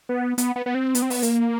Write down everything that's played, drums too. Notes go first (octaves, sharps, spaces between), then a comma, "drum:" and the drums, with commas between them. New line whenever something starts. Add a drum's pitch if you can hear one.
B3
B3, drum: hi-hat
B3
B3
C4
B3, drum: hi-hat
C4
B3, drum: open hi-hat
A#3, drum: hi-hat